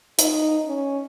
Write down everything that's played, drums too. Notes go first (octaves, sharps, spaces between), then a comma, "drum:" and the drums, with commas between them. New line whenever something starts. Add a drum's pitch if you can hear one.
D#4, drum: hi-hat
C#4